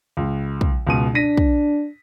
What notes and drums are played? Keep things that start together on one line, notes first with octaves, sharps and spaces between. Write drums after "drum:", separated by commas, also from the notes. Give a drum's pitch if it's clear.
C#2
drum: kick
C#2 B2 D#7
D4 A#6 B6 D#7
drum: kick